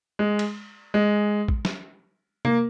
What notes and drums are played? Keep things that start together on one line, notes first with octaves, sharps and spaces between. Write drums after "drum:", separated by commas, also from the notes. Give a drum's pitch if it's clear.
G#3
drum: cymbal
G#3
drum: kick A1
drum: snare
A#3, drum: tom C3